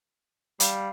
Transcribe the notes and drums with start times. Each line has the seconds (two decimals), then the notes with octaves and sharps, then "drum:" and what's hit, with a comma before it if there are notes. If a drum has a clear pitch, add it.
0.60 G3 F5, drum: hi-hat